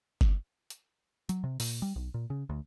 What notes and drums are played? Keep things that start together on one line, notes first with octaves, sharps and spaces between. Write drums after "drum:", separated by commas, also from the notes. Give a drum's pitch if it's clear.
drum: kick F#1
drum: hi-hat
F#3, drum: hi-hat
C3
A#2, drum: open hi-hat
G3
B1
A#2
C#3
D2